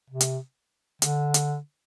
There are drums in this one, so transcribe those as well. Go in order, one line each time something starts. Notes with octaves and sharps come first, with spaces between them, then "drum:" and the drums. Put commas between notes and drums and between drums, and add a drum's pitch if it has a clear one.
C3
drum: hi-hat
D3, drum: hi-hat
drum: hi-hat